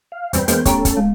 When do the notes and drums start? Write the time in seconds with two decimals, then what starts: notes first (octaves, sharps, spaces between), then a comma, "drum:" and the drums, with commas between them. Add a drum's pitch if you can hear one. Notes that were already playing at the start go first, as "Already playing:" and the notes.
0.12 F5
0.33 E2 G2 C3 B4 C5 G5, drum: hi-hat
0.48 E2 G#3 A#3 B3 D4, drum: hi-hat
0.65 A3 C#4 G4 A4 C#5 A#5, drum: kick, hi-hat
0.85 drum: kick, hi-hat
0.97 G#3